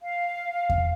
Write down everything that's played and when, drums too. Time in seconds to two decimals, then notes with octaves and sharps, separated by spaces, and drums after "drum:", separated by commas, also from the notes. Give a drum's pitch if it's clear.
0.01 F5
0.70 drum: kick E2